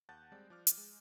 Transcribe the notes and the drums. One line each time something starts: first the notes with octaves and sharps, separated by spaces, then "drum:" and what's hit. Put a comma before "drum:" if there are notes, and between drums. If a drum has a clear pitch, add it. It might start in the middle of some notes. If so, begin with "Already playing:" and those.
D#2 F#5 A5 F#6 G6 A6
G3 G#3 C4 D5 G6
F3 D5 D6 F6
drum: hi-hat
G#3